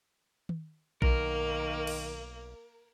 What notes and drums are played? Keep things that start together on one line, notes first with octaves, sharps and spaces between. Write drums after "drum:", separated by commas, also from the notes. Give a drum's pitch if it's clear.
drum: tom D#3
B1 D#3 A#3 A#4, drum: kick A#1
drum: cymbal